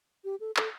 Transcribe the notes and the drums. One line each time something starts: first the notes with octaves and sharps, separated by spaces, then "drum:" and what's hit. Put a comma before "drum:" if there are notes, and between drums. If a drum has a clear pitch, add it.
G4
A4
A4, drum: clap